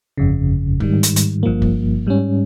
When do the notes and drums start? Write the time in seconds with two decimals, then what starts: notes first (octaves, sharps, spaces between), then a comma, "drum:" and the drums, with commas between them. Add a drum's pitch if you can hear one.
0.17 G1 F2 C#3
0.80 G#2 D#3 G3, drum: kick
1.03 drum: hi-hat
1.16 drum: hi-hat
1.43 G1 G2 F3 A#3
1.62 drum: kick
2.07 G#2 G3 C#4